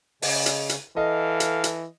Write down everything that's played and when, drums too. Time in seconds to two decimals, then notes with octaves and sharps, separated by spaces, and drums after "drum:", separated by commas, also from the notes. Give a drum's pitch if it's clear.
0.22 C#3 G#3, drum: open hi-hat
0.46 drum: hi-hat
0.69 drum: hi-hat
0.97 E3 A4 D#5 F5
1.40 drum: hi-hat
1.64 drum: hi-hat